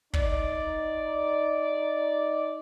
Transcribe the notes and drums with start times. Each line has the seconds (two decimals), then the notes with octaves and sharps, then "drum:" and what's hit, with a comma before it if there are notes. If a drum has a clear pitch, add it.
0.13 D#4 D5, drum: kick